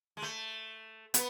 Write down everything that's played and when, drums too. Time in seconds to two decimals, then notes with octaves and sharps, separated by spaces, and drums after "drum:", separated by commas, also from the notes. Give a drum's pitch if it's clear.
0.17 G#3
0.22 A3
1.14 B3, drum: hi-hat